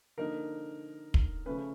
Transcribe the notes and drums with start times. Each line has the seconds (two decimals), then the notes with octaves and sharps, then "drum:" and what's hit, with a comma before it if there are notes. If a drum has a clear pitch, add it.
0.18 D3 F3 A#3 D#4 A#4
1.14 drum: kick
1.46 C#3 F3 A3 C#4 B4